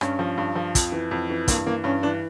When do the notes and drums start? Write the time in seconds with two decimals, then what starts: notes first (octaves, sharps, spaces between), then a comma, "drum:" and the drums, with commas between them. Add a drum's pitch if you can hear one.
0.01 G2 C#4, drum: rim click
0.19 F3
0.37 G2
0.55 F3
0.75 F2, drum: kick, hi-hat
0.92 E3
1.11 F2
1.30 E3
1.48 G2 A#3, drum: kick, hi-hat
1.67 E3 A#3
1.84 G2 C#4
2.03 E3 D4